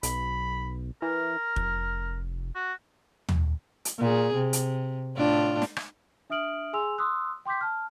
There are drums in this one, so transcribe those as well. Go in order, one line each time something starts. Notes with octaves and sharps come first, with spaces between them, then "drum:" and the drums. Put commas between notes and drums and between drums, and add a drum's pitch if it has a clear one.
B1 B5, drum: hi-hat
E3 A#4
F1, drum: kick
F#4
drum: tom
drum: hi-hat
A#2 G#4
C3
drum: hi-hat
A2 D4 F4
drum: snare
drum: rim click
D4 E5 D#6 F6 D7 F#7
G#4 G#5 C6 E6 F7
C6 D#6 E6 F#6
G5 C6 D6 G6 B6
A5 F6